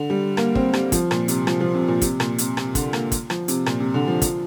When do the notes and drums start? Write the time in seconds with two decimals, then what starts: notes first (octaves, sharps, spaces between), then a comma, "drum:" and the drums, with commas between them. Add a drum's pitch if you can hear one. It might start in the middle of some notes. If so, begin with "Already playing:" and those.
Already playing: D3
0.10 G3
0.37 A#3, drum: rim click
0.55 C4, drum: kick
0.73 G3, drum: rim click
0.92 F3, drum: kick, hi-hat
1.11 A#2, drum: rim click
1.28 C3, drum: hi-hat
1.47 F3, drum: rim click
1.60 F3
1.75 C3
1.88 A#2
2.02 C3, drum: kick, hi-hat
2.20 A#2, drum: rim click
2.38 C3, drum: hi-hat
2.57 C3, drum: rim click
2.75 D3, drum: kick, hi-hat
2.93 A#3, drum: rim click
3.12 drum: kick, hi-hat
3.30 F3, drum: rim click
3.48 C3, drum: hi-hat
3.66 A#2, drum: rim click
3.80 C3
3.94 D3
4.08 F3
4.22 F3, drum: kick, hi-hat